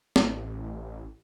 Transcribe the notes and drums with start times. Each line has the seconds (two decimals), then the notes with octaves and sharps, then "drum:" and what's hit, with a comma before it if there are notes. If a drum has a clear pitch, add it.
0.16 A1, drum: snare